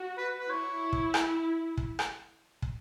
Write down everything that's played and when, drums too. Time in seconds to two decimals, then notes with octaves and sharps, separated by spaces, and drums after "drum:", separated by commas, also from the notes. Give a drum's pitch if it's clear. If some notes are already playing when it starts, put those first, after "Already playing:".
Already playing: F#4
0.18 B4
0.39 B4
0.50 E4 C#5
0.93 drum: kick
1.14 drum: rim click
1.77 drum: kick
1.99 drum: rim click
2.62 drum: kick